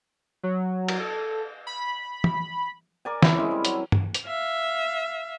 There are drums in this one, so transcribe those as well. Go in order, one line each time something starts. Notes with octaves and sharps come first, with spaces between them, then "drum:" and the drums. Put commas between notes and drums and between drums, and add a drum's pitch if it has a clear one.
F#3
drum: cymbal
A4
B5
drum: tom
A#4 D5 G#5
E4, drum: snare E3
G#3 C4 C#4
G3
F#3, drum: hi-hat
drum: tom G2
drum: hi-hat
E5 F5